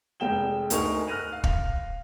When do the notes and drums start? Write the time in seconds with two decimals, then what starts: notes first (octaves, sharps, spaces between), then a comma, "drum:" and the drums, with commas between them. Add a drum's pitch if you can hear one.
0.20 F1 G#3 G5 E7 G7
0.70 D2 D#4 A#4 G#5 C#6 F7, drum: hi-hat
1.07 F6 F#6 A#6 D#7 F7
1.33 F5
1.44 drum: kick